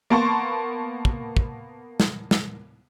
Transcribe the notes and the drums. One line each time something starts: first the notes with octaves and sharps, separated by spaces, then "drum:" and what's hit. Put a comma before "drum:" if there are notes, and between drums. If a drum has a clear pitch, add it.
A#3 B3 A5 C6 C#6
drum: kick
drum: kick
drum: snare
drum: snare